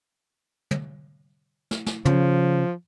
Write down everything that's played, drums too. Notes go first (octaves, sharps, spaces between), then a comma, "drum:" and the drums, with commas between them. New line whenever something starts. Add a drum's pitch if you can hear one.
drum: tom
drum: snare
drum: snare
C#3 F3, drum: tom